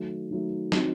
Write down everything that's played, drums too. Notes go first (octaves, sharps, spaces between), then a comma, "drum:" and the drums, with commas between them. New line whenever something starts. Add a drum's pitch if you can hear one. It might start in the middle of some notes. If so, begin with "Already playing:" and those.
Already playing: D#3 F#3 A3
D#3 F#3 A3
D#3 F#3 C4 D#4, drum: snare